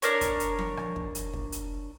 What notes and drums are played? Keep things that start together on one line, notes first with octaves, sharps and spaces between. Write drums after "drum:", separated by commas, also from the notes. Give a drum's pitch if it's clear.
D4 A#4 C#5, drum: hi-hat
drum: kick, hi-hat
drum: hi-hat
drum: tom F3
drum: rim click
drum: kick
drum: hi-hat
drum: kick
drum: hi-hat